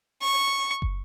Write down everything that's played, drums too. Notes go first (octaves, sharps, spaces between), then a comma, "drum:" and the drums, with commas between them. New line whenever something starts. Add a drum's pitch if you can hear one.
C#6
drum: kick